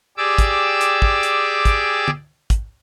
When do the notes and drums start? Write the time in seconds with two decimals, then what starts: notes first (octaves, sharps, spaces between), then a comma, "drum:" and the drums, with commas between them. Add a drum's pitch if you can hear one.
0.17 G4 G#4 D5 D6 E6
0.38 drum: kick, hi-hat
0.81 drum: hi-hat
1.02 drum: kick
1.23 drum: hi-hat
1.65 drum: kick, hi-hat
2.08 drum: tom
2.50 drum: kick, hi-hat